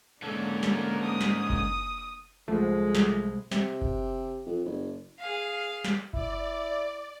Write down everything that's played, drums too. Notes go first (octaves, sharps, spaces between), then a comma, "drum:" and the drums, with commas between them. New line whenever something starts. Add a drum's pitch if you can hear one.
G#2 D3 A#3 C#4 A4 A#4
drum: snare
D#6
drum: snare
drum: kick F#1
C2 F3 G#3 A3
drum: snare
C3, drum: snare
drum: kick F#1
F2
F#1
G#4 F5
drum: snare
E4 D5, drum: kick F#1